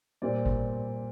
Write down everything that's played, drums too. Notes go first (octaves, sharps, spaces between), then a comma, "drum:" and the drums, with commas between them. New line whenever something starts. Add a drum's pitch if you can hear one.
A#2 G3 C4 D5
drum: kick G#1